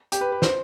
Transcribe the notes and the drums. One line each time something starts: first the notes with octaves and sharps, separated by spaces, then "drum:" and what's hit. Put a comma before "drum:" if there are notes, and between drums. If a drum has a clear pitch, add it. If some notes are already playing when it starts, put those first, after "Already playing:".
G4, drum: hi-hat
B4
B4
C5, drum: snare